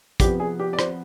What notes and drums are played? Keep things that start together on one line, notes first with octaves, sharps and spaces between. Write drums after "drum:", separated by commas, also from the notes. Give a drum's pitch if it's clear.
C3 F3 B3 G4, drum: kick, hi-hat
G#4
G4
D5
C5, drum: rim click